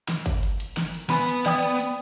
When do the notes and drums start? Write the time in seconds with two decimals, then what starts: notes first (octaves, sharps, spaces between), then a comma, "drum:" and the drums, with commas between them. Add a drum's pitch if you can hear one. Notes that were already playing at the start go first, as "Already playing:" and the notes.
0.09 drum: snare
0.26 drum: kick, hi-hat
0.43 drum: hi-hat
0.60 drum: hi-hat
0.77 drum: snare
0.94 drum: hi-hat
1.10 B3 G#5 B5, drum: snare
1.29 drum: hi-hat
1.46 D5 G5 D#6, drum: snare
1.63 drum: hi-hat
1.80 drum: hi-hat